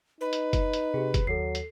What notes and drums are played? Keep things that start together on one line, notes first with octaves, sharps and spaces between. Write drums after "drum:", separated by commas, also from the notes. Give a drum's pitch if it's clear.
D#4 B4
drum: hi-hat
drum: kick F#1, hi-hat
drum: hi-hat
C3 G4 G#4
drum: kick F#1, hi-hat
D#2 F#3 A4 C7
drum: hi-hat